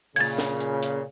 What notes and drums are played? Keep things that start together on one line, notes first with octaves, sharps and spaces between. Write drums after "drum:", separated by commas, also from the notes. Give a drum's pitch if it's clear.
A#2 C#3 G#6 A6, drum: open hi-hat
drum: snare
drum: hi-hat
drum: hi-hat